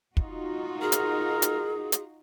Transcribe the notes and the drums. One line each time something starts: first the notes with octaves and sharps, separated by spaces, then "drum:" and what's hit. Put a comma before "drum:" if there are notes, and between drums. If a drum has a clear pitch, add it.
D#4 F4 F#4, drum: kick
G#4 A#4
drum: hi-hat
drum: hi-hat
drum: hi-hat